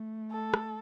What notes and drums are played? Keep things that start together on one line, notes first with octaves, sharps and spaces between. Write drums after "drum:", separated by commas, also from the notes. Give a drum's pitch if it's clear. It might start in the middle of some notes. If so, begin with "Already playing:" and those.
Already playing: A3
A4
drum: rim click